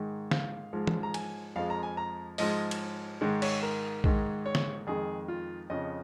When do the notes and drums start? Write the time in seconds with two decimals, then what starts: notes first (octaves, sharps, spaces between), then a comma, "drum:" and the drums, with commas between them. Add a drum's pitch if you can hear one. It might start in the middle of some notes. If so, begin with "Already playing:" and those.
Already playing: G#2 D#3 G#3
0.31 F5, drum: snare
0.73 G#2 F3 G#3
0.87 drum: tom
1.03 A#5
1.14 G#5, drum: cymbal
1.56 F2 F3 G#3 F5
1.70 A#5
1.83 G#5
1.97 A#5
2.38 G#2 F3 G#3 D#5, drum: open hi-hat
2.71 drum: cymbal
3.21 G#2 D#3 G#3
3.42 C#5, drum: cymbal
3.63 A#4
4.04 G#2 D#3 G#3, drum: kick A#1
4.46 C#5
4.55 drum: snare
4.87 F2 D#3 G#3 G#4
5.28 F4
5.70 F2 C#3 F3 D#5